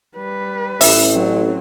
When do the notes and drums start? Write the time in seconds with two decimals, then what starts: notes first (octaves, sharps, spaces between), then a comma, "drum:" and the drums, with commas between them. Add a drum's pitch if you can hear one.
0.17 G3 B4
0.81 A1 E5, drum: open hi-hat
1.11 F#3 C4